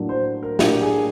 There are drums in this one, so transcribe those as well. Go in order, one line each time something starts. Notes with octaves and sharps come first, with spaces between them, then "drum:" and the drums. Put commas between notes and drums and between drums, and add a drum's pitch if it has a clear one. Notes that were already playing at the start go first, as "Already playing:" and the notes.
Already playing: A2 F#3 A#3 D4
C5
A#4
A2 F#3 A#3 D4 G4, drum: snare
G#4